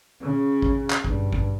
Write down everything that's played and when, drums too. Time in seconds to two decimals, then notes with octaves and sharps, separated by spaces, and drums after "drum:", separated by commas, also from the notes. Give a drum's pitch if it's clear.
0.21 C#3
0.62 drum: kick A1
0.90 drum: clap
1.04 G2, drum: kick A1
1.32 drum: kick A1